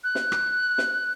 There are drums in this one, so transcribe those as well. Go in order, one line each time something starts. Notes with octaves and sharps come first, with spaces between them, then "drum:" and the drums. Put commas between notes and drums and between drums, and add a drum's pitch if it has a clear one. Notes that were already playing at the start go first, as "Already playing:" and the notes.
F#6
drum: snare
drum: rim click
drum: snare